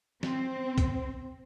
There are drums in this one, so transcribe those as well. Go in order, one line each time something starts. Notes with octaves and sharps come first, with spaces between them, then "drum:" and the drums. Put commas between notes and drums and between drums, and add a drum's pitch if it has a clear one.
C4, drum: snare
drum: kick B1, hi-hat